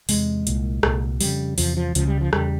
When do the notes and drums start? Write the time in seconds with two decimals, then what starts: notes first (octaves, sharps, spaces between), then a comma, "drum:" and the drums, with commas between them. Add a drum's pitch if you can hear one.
0.09 E2 C3 G#3, drum: open hi-hat
0.47 C2 A#2, drum: hi-hat
0.83 C2 A#2, drum: rim click
1.21 F2 C#3 G3, drum: open hi-hat
1.58 E2 C3 F3, drum: open hi-hat
1.77 F3
1.95 C#2 C#3 F3, drum: hi-hat
2.07 G3
2.21 F3
2.33 E2 C#3 G3, drum: rim click